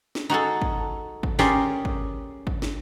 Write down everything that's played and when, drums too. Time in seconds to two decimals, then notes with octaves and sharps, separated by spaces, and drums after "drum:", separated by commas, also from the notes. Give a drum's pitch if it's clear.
0.15 drum: snare
0.30 D#4 F#4 G#4 A4
0.62 drum: kick
1.23 drum: kick
1.39 C#4 G4 G#4 A#4 D5 C6, drum: snare
1.85 drum: kick
2.47 drum: kick
2.62 drum: snare